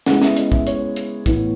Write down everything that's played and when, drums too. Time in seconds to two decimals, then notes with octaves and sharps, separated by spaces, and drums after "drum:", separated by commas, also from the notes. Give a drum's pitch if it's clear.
0.06 C#3 G#3 B3 E4 F#5, drum: snare
0.22 E5, drum: snare
0.37 D#5, drum: hi-hat
0.52 E5, drum: kick
0.67 C#5, drum: hi-hat
0.96 drum: hi-hat
1.26 A2 E3 B3, drum: kick, hi-hat